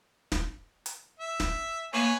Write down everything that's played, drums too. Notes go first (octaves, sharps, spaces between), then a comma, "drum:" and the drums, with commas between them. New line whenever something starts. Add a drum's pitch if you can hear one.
drum: snare
drum: hi-hat
E5
drum: snare
A#3 B4 C#5 G#5